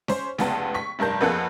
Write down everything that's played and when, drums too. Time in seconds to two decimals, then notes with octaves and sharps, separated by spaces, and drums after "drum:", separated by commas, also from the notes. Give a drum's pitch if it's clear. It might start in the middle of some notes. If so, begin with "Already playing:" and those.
0.08 C#4 C5, drum: snare C#4
0.38 F1 C#2 B3 A5, drum: snare C#4
0.75 C#6 B6
0.99 F1 G2 A#4 A5 G6
1.21 F2 A#3 B3 G#4 A4 F#6